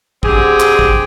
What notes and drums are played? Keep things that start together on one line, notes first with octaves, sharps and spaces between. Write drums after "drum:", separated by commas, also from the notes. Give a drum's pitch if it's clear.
D3 C4 G4 G#4, drum: kick
drum: clap
drum: kick